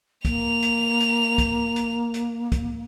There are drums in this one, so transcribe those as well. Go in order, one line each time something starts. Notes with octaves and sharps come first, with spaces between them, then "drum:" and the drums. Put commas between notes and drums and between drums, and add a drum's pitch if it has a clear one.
A#3 F7, drum: kick, hi-hat
drum: hi-hat
drum: hi-hat
drum: kick, hi-hat
drum: hi-hat
drum: hi-hat
drum: kick, hi-hat